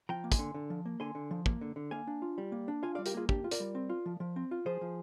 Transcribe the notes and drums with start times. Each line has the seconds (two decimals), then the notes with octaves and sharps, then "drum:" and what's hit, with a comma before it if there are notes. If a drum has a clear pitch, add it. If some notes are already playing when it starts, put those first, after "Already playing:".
0.09 F3 G5 A#5
0.24 A#3
0.32 G#5 C6, drum: kick, hi-hat
0.39 D3
0.54 D3
0.70 F3
0.86 A#3
1.00 D3 G#5 C6
1.15 D3
1.31 F3
1.46 A#3, drum: kick
1.61 D3
1.76 D3
1.91 A#3 F5 G#5
2.07 D4
2.22 F4
2.38 G3
2.52 A#3
2.68 D4
2.83 F4 F5 G#5
2.95 G3 D5 F5
3.06 G4 A#4, drum: hi-hat
3.14 A#3 F4 G#4
3.29 D4 G4, drum: kick
3.44 F4
3.51 A#4 D5, drum: hi-hat
3.60 G3
3.75 C4
3.89 F4
4.06 F3
4.20 F3
4.36 C4
4.51 F4
4.66 F3 G#4 C5
4.81 F3